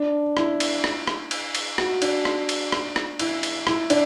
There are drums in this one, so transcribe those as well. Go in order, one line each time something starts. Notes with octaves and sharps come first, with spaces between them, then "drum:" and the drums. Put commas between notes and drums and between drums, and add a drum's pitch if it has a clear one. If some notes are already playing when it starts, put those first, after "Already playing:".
Already playing: D4
E4, drum: rim click
drum: cymbal
drum: rim click
drum: rim click
drum: cymbal
drum: cymbal
F#4, drum: rim click
D4, drum: cymbal
drum: rim click
drum: cymbal
drum: rim click
drum: rim click
E4, drum: cymbal
drum: cymbal
E4, drum: rim click
D4, drum: cymbal